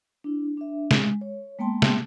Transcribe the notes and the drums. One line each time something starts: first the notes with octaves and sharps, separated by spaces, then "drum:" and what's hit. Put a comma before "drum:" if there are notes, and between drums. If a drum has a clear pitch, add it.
D4 E4
D4 E5
G#3, drum: snare
C#5
G#3 A#3 B3 G5 A5 C6
drum: snare